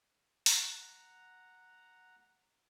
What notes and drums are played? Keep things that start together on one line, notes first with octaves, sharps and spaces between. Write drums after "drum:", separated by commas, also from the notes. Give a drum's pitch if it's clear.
F#5 A#5, drum: open hi-hat